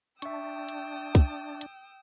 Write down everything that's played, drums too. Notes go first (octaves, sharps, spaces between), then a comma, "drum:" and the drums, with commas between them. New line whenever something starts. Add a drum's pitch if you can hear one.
D4 E5 G5 C#6 D#6 E6, drum: hi-hat
drum: hi-hat
drum: kick, hi-hat
drum: hi-hat